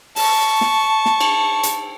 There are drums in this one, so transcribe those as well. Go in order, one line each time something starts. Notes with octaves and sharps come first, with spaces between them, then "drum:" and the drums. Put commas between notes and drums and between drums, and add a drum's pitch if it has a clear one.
A5 C#6, drum: open hi-hat
drum: snare
drum: snare
drum: cymbal
drum: hi-hat